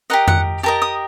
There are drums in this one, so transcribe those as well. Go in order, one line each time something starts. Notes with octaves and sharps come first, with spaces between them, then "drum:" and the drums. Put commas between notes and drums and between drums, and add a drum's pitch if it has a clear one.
G4 A#4 D#5 F#5
F#5, drum: tom F2
G4 A#4 D#5 A5
D#6